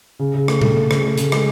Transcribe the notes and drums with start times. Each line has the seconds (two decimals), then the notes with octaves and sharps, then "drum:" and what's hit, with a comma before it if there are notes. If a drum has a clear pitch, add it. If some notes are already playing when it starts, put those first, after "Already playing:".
0.19 C#3
0.35 C#3
0.48 A3, drum: rim click
0.62 A3, drum: tom A#2
0.77 A3
0.91 C#3, drum: rim click
1.04 A3
1.18 C#3, drum: hi-hat
1.32 G#3, drum: rim click